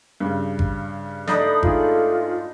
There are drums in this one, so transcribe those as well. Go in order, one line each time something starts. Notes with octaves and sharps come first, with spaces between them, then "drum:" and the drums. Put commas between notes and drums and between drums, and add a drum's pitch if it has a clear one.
G2 C#3
drum: kick G#1
A3 D4 D#4 A4 B5 D#6, drum: snare
G#2 F4 G#4, drum: kick G#1